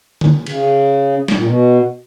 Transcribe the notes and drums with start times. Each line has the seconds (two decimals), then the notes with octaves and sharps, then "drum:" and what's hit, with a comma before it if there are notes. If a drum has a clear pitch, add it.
0.21 drum: tom
0.46 C#3, drum: cymbal
1.28 G#2, drum: snare
1.37 A#2
1.44 B2